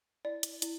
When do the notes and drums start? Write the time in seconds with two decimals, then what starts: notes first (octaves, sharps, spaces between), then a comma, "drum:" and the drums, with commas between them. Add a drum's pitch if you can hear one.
0.25 E4 D5
0.43 drum: hi-hat
0.62 E4, drum: hi-hat